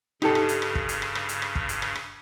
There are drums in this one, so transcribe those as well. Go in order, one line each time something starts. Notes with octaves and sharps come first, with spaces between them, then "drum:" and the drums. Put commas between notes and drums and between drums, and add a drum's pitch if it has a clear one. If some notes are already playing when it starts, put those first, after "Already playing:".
G2 C#3 D#4 G4 A4, drum: rim click
drum: rim click
drum: hi-hat
drum: rim click
drum: kick
drum: hi-hat
drum: rim click
drum: rim click
drum: hi-hat
drum: rim click
drum: kick
drum: hi-hat
drum: rim click
drum: rim click